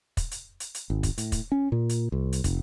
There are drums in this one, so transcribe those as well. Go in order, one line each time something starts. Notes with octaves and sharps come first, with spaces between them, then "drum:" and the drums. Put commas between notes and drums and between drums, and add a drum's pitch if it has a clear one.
drum: kick, hi-hat
drum: hi-hat
drum: hi-hat
drum: hi-hat
G#1
drum: kick, hi-hat
A2, drum: hi-hat
drum: kick, hi-hat
C#4
A#2
drum: hi-hat
C2
drum: hi-hat
F1, drum: kick, hi-hat